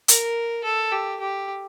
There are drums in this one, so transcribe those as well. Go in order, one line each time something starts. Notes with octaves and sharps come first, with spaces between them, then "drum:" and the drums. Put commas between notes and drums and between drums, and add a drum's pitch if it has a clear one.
A#4, drum: hi-hat
A4
G4
G4